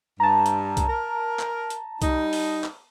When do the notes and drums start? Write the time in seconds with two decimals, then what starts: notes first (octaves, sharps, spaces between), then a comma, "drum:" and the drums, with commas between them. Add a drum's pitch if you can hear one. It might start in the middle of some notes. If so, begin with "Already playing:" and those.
0.20 G2 A5 A#5
0.46 drum: hi-hat
0.77 drum: kick C2, hi-hat
0.88 A#4
1.39 drum: clap
1.70 drum: hi-hat
2.02 G3 D#4, drum: kick C2, hi-hat
2.33 drum: open hi-hat
2.64 drum: clap